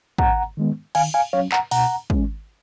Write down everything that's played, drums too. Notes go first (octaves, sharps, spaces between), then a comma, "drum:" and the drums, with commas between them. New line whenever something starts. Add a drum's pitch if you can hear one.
G#2 F#5 A#5, drum: kick
D#3 G#3 B3
D#3 F5 G#5, drum: cymbal
F5 G#5
F#3 C#4 C#5 F5
F#5 A#5, drum: clap
B2 F#5 A#5, drum: open hi-hat
G#3 C#4, drum: kick